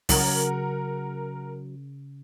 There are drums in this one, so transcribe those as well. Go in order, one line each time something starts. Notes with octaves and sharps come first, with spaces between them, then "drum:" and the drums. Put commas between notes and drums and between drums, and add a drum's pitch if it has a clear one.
C2 C#3 F#3 A#4 F#5, drum: open hi-hat